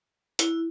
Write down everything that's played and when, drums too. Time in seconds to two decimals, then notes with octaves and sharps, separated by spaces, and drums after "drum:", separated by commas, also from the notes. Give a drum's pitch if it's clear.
0.39 E4, drum: hi-hat